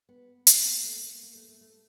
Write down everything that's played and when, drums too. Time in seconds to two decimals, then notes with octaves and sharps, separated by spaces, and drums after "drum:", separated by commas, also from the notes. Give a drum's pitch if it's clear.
0.09 B3
0.47 drum: hi-hat
0.66 A#3
0.85 A3
1.04 A#3
1.23 A#3
1.35 A3
1.48 A3
1.61 A3